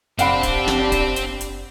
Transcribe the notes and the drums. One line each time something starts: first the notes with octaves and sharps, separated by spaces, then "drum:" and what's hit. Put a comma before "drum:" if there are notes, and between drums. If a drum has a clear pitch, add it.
F#1 C4 D4 G4 C5 F5 F#5 B5, drum: hi-hat
drum: kick, hi-hat
drum: snare
drum: kick, hi-hat
drum: hi-hat
drum: hi-hat